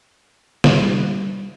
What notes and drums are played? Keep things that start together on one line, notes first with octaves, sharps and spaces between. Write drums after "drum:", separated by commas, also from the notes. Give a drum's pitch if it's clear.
G3, drum: snare